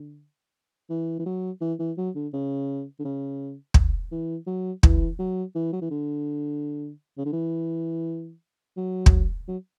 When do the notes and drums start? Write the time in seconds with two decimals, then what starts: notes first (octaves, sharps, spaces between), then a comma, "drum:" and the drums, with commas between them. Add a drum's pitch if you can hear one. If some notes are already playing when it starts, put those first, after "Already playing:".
Already playing: D3
0.90 E3
1.19 E3
1.26 F#3
1.61 E3
1.79 E3
1.98 F#3
2.15 D3
2.33 C#3
3.00 D3
3.05 C#3
3.74 drum: kick
4.12 E3
4.47 F#3
4.83 E3, drum: kick
5.19 F#3
5.55 E3
5.73 F#3
5.81 E3
5.91 D3
7.18 C#3
7.26 D3
7.33 E3
8.77 F#3
9.06 drum: kick
9.48 F#3